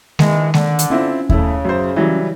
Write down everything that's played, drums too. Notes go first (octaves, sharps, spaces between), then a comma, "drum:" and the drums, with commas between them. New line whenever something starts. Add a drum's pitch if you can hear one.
A#1 D#3 E3 G#3, drum: snare G#3
D3, drum: snare G#3
drum: hi-hat
C4 C#4 E4 F4
C#3 A3 E4, drum: kick D#2
F#2 C5
E3 F#3 G3